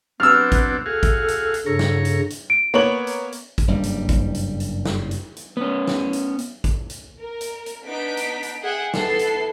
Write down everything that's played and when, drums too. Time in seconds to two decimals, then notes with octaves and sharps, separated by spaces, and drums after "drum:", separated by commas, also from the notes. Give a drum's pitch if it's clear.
0.20 F#3 B3 C4 D4 E6 F6
0.52 drum: kick A1, hi-hat
0.86 F#4 G#4 A4 F5
1.03 drum: kick A1, hi-hat
1.28 drum: hi-hat
1.54 drum: hi-hat
1.66 G2 C#3 C#5 A#5
1.79 drum: snare
2.05 drum: hi-hat
2.30 drum: hi-hat
2.50 D7
2.74 A#3 B3 C#5 F#7
3.07 drum: hi-hat
3.32 drum: hi-hat
3.58 drum: kick A1, hi-hat
3.68 F#1 G2 G3
3.83 drum: hi-hat
4.09 drum: kick A1, hi-hat
4.34 drum: hi-hat
4.60 drum: hi-hat
4.85 drum: snare
5.11 drum: hi-hat
5.36 drum: hi-hat
5.57 B3 C#4
5.88 drum: snare
6.13 drum: hi-hat
6.39 drum: hi-hat
6.64 drum: kick A1, hi-hat
6.90 drum: hi-hat
7.19 A#4
7.41 drum: hi-hat
7.66 drum: hi-hat
7.84 B3 D4 D#4 B6 D7
8.17 drum: hi-hat
8.43 drum: hi-hat
8.62 G#4 E5 F#5 G5
8.94 B3 E4 A4 C7, drum: snare
9.19 drum: hi-hat